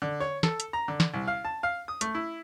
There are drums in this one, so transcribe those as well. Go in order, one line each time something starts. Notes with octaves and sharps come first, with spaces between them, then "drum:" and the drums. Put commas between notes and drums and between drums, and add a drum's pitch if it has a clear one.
D3
C#5
A4, drum: snare
drum: hi-hat
A#5
D3
drum: snare
C2
F5
A5
F5
D#6
A3, drum: hi-hat
E4